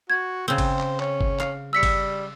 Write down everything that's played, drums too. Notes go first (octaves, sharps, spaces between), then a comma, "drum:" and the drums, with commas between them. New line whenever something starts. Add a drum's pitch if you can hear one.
F#4 G#6
C#3 C4 C5
drum: kick G1, cymbal
drum: clap
C#4, drum: clap
drum: kick G1
F5, drum: clap
G3 E6 B6 C#7
drum: kick G1, cymbal